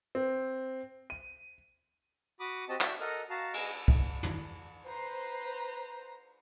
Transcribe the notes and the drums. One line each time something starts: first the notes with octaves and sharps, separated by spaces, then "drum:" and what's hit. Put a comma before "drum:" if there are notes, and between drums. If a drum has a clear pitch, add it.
C4
D#7
F#4 B5 D6 D#6
C4 F#4 G4 D#5 A5
F#4 D5 E5 G5 A5, drum: clap
A4 A#4 D#5 F#5 F6
F#4 F5 A5 A#5
G#4 D#5, drum: cymbal
drum: kick
drum: tom
B4 C5 A#5